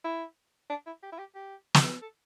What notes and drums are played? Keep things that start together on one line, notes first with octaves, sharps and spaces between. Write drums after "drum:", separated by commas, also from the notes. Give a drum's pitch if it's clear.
E4
D4
E4
G4
E4
G4
G4
drum: snare
A4